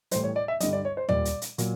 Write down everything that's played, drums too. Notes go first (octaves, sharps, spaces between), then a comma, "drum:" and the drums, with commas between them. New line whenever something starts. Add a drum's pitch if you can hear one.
A2 E3 G3 C5, drum: hi-hat
C#5
D5
E5
G2 D3 G3 D#5, drum: hi-hat
D5
C#5
C5
A#2 G3 D5, drum: tom
drum: hi-hat
drum: hi-hat
A#2 F#3, drum: hi-hat